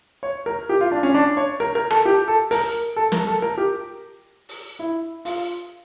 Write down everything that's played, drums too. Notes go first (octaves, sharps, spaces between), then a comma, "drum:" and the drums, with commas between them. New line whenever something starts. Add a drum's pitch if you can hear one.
C#5
A#4
G4
F4
D4
C#4
D4
C#5
A#4
A#4
A4, drum: rim click
G4
A4
A#4, drum: open hi-hat
A4
A#4, drum: snare
A4
A#4
G4
drum: open hi-hat
E4
F4, drum: open hi-hat